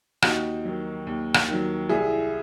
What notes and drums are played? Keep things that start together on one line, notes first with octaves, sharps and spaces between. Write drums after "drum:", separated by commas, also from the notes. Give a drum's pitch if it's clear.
D#2 D#4 F#4, drum: rim click
D#3 F#3
D#2
drum: rim click
D#3 F#3
C2 E4 G#4